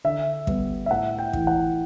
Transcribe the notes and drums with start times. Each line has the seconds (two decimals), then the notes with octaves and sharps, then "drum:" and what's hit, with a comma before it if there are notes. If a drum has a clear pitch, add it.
0.04 D3 E5
0.47 G3 B3, drum: kick
0.86 E5
0.90 A2 F#5
1.19 G5
1.33 E3 A3 E4, drum: kick
1.47 F#5